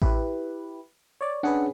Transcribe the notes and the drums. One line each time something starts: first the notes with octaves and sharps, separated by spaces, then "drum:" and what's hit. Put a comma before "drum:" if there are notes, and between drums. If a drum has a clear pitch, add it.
E4 G4 B4, drum: kick A1
C#5 D5
C#4 D4 G#4 B4 F#5